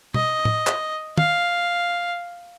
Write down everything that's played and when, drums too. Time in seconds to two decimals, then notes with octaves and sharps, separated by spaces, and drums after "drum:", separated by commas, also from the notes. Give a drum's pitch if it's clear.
0.14 D#5, drum: tom
0.45 drum: tom A2
0.67 drum: clap
1.18 F5, drum: tom